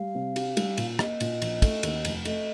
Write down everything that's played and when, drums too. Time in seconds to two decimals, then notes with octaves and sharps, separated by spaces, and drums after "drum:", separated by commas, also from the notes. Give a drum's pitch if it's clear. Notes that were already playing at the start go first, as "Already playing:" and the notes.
Already playing: G3 F5
0.15 C3
0.36 G4, drum: cymbal
0.57 G3, drum: cymbal
0.77 A#2, drum: cymbal
0.99 A#3 D#5, drum: rim click
1.20 A#2, drum: cymbal
1.42 A#1, drum: cymbal
1.62 A3, drum: kick, cymbal
1.83 D#2, drum: cymbal
2.05 F1, drum: cymbal
2.25 A3 D#5, drum: cymbal